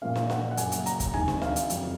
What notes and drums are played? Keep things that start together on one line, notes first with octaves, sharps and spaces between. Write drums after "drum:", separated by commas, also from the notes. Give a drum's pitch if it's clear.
A#2 F3 A#3 C#4 F5
drum: snare
F#5, drum: snare
F#5
F#2 C#3 F#3 A#3 G#5, drum: hi-hat
drum: hi-hat
A#5, drum: hi-hat
drum: kick, hi-hat
C3 D#3 G#3 G#5, drum: tom D2
drum: snare
F5, drum: snare
drum: hi-hat
F2 C3 F#3, drum: hi-hat